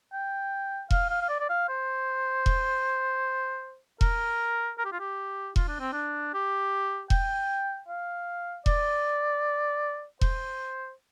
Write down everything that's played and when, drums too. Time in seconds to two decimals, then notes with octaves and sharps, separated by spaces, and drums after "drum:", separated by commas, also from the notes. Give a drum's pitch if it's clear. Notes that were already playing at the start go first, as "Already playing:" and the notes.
0.13 G5
0.91 F5, drum: kick E1
1.10 F5
1.22 F5
1.29 D5
1.40 D5
1.49 F5
1.69 C5
2.46 drum: kick E1
4.01 A#4, drum: kick E1
4.78 A#4
4.85 G4
4.92 F4
5.00 G4
5.56 F4, drum: kick E1
5.68 D4
5.80 C4
5.92 D4
6.34 G4
7.10 G5, drum: kick E1
7.88 F5
8.66 D5, drum: kick E1
10.21 C5, drum: kick E1